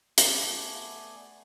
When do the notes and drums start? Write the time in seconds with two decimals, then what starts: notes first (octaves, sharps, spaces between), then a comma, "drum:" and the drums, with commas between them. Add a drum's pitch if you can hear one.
0.18 A3 B3 D5 G#5, drum: hi-hat